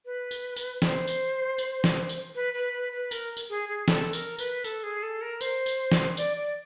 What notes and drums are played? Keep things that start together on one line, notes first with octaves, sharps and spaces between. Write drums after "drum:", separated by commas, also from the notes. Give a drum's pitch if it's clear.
B4
drum: tambourine
drum: tambourine
C5, drum: snare
drum: tambourine
drum: tambourine
drum: snare
drum: tambourine
B4
B4
B4
B4
A#4, drum: tambourine
drum: tambourine
G#4
G#4
A4, drum: snare
A#4, drum: tambourine
B4, drum: tambourine
A4, drum: tambourine
G#4
A4
A#4
C5, drum: tambourine
drum: tambourine
drum: snare
D5, drum: tambourine
D5